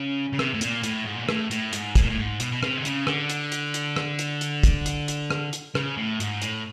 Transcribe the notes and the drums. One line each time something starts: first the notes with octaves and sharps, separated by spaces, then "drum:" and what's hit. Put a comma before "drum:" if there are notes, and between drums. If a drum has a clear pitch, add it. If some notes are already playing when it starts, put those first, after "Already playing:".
Already playing: C#3
C#3
C3, drum: rim click
A2
A#2, drum: hi-hat
A2, drum: hi-hat
G#2
A#2
A2, drum: rim click
A2, drum: hi-hat
G#2, drum: hi-hat
A2, drum: kick, hi-hat
A#2
A2
G#2
B2, drum: hi-hat
B2
C3, drum: rim click
D3
C#3, drum: hi-hat
D3, drum: rim click
drum: hi-hat
drum: hi-hat
drum: hi-hat
drum: rim click
drum: hi-hat
drum: hi-hat
drum: kick, hi-hat
drum: hi-hat
drum: hi-hat
drum: rim click
drum: hi-hat
C#3, drum: rim click
A2
G#2, drum: hi-hat
A2, drum: hi-hat